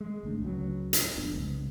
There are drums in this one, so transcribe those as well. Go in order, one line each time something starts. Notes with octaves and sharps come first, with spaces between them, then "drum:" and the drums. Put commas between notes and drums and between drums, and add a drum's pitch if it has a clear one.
G#3
G#1 D3 A3 D4
C#2 C#3 F#3
drum: hi-hat
D#1 F2 B3 D4
C2 C#3 G#3 B3